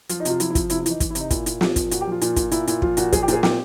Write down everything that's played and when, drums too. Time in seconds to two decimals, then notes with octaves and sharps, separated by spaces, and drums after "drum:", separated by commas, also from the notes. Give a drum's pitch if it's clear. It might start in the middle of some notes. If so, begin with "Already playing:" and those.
0.09 F3 F4, drum: hi-hat
0.20 D#4
0.25 C3 F4, drum: hi-hat
0.40 F3 E4, drum: hi-hat
0.50 E4
0.55 F3, drum: kick, hi-hat
0.70 C3 E4, drum: hi-hat
0.80 E4
0.86 E3 D#4, drum: hi-hat
1.00 E3, drum: kick, hi-hat
1.10 E4
1.15 C3, drum: hi-hat
1.20 D#4
1.31 A#2 E4, drum: kick, hi-hat
1.46 A#2, drum: hi-hat
1.61 F3, drum: snare
1.76 A#2, drum: kick, hi-hat
1.91 A#2 F#4, drum: hi-hat
2.01 G4
2.07 F3
2.12 F4
2.21 A#2, drum: hi-hat
2.36 A#2, drum: kick, hi-hat
2.51 A#2 E4, drum: hi-hat
2.67 A#2 E4, drum: hi-hat
2.82 F3 F4, drum: kick
2.97 A#2 F#4, drum: hi-hat
3.13 F3 G#4, drum: kick, hi-hat
3.22 G4
3.28 A#2 G#4, drum: hi-hat
3.43 A#2 G4, drum: snare